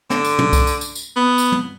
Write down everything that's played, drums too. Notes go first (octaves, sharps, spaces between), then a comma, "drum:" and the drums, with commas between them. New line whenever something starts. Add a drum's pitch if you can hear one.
D3, drum: snare
drum: tambourine
drum: tom
drum: kick C2, tambourine
drum: tambourine
drum: tambourine
drum: tambourine
B3
drum: tambourine
drum: tom